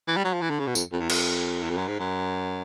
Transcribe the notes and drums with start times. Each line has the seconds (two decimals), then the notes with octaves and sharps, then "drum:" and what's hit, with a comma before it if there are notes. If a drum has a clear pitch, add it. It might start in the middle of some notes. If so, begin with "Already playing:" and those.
0.08 E3
0.16 G3
0.25 F#3
0.34 F3
0.42 E3
0.50 D3
0.59 C#3
0.67 B2
0.75 F2, drum: tambourine
0.93 F2
1.01 E2
1.10 F2, drum: cymbal
1.63 E2
1.70 F2
1.78 F#2
1.88 G#2
2.00 F#2